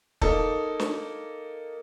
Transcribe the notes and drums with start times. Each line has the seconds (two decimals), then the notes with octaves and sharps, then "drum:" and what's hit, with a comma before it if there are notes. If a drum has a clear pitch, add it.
0.21 A#3 D#4 A4, drum: kick
0.80 drum: snare